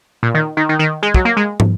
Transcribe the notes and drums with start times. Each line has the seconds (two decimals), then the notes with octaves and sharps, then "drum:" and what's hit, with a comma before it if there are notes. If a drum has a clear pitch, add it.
0.23 A#2
0.35 D#3
0.57 D#3
0.69 D#3
0.79 D#3
1.03 G#3
1.15 F#3, drum: kick
1.25 A#3
1.37 G#3
1.60 drum: tom